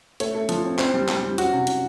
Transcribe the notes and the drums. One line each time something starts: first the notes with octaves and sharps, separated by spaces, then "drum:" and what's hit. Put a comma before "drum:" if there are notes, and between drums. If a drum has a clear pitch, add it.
A3 C#5, drum: hi-hat
A3
F3, drum: hi-hat
C4
C4 C5, drum: clap
G3
G3, drum: clap
G3
C#4 F#4, drum: hi-hat
C3
C#4, drum: hi-hat